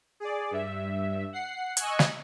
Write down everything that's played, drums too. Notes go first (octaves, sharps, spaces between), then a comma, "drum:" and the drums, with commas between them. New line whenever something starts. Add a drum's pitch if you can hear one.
G#4 D5
G2 E5
F#5 C7
D#5 G#5 C#6 E6 F#6 G#6, drum: hi-hat
drum: snare